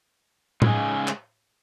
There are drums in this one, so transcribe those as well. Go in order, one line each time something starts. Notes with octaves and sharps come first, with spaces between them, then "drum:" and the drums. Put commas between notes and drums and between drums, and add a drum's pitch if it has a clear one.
C#3 G#3 D#4 G#4, drum: tom A2
drum: clap